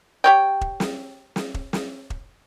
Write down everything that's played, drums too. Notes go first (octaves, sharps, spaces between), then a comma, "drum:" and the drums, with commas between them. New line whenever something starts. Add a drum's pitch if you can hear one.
G4 C#5 G5
drum: kick E1
drum: snare
drum: snare
drum: kick E1
drum: snare
drum: kick E1